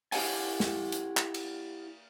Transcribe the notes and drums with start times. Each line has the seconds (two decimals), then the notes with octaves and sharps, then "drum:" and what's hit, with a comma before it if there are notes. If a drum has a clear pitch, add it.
0.12 E4 G4 G#4 F5 F#5 G#5, drum: open hi-hat
0.60 drum: snare
0.92 drum: hi-hat
1.17 drum: clap
1.34 drum: cymbal